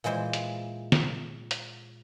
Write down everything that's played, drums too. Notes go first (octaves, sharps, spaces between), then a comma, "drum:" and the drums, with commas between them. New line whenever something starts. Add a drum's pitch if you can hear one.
A#2 E3 G#3 C5
drum: hi-hat
drum: snare
drum: hi-hat